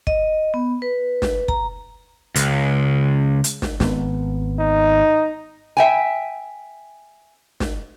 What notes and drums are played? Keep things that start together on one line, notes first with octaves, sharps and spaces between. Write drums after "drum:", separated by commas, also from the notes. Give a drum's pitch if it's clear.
D#5, drum: kick
B3
B4
drum: snare
A#5, drum: kick
C#2, drum: hi-hat
drum: hi-hat
drum: snare
G#1 B3, drum: snare
D#4
E5 G5 G#5
drum: snare